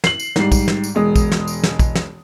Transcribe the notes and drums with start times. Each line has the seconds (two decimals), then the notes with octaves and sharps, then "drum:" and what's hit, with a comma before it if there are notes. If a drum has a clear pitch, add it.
0.04 C7 F#7, drum: snare
0.20 drum: tambourine
0.36 G#2 G3 C7, drum: snare
0.52 drum: kick A#1, tambourine
0.68 drum: snare
0.84 drum: tambourine
0.95 E1 G#3 D#6
1.16 drum: kick A#1, tambourine
1.32 drum: snare
1.48 drum: tambourine
1.63 drum: snare
1.79 drum: kick A#1, tambourine
1.95 drum: snare